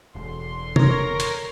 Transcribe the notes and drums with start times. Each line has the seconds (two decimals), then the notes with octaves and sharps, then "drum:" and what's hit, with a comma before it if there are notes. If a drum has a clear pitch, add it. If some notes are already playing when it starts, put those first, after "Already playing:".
0.15 E1 D3 C6
0.76 A#4 C#5, drum: tom
1.20 drum: hi-hat